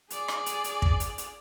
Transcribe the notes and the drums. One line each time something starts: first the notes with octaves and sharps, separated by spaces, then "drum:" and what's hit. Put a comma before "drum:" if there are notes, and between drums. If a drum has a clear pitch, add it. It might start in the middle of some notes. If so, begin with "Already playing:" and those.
G#4 D5, drum: hi-hat
drum: rim click
drum: hi-hat
drum: hi-hat
drum: kick
drum: hi-hat
drum: hi-hat